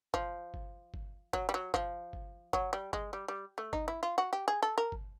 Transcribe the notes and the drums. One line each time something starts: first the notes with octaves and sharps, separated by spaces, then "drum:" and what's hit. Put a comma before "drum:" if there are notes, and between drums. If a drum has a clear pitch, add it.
F3, drum: kick G1
drum: kick G1
drum: kick G1
F#3, drum: kick G1
G3
F#3
F3, drum: kick G1
drum: kick G1
F#3, drum: kick G1
G3
G#3, drum: kick G1
G3
G3
A3
D#4, drum: kick G1
E4
F4
F#4
G4
G#4
A4
A#4
drum: kick G1